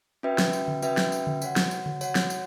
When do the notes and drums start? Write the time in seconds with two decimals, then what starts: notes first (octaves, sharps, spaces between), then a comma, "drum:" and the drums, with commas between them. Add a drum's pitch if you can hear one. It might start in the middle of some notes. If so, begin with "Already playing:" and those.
0.23 C#4 F#4 B4 E5 G5
0.38 drum: snare
0.53 drum: tambourine
0.68 drum: tom C#3
0.82 C#4 F#4 B4 E5 G5, drum: tambourine
0.97 drum: snare
1.12 drum: tambourine
1.27 drum: tom C#3
1.42 F#4 C#5 F#5, drum: tambourine
1.56 drum: snare
1.71 drum: tambourine
1.86 drum: tom C#3
2.01 F#4 C#5 F#5, drum: tambourine
2.15 drum: snare
2.30 drum: tambourine